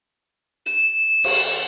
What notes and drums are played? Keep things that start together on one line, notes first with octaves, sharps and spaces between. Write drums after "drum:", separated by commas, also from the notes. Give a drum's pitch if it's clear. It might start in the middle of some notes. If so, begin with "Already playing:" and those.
E7, drum: hi-hat
drum: cymbal